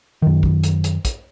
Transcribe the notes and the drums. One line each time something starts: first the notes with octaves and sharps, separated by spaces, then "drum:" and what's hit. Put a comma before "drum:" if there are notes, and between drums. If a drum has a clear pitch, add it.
F#2 D#3
drum: kick
drum: hi-hat
drum: hi-hat
drum: kick, hi-hat